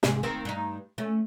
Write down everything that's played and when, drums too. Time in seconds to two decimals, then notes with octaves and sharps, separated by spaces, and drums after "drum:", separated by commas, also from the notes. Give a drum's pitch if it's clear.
0.03 G#2 C3 G#4, drum: snare
0.23 D#3 A#3 C4
0.45 G2 D#4
0.98 A3 C#4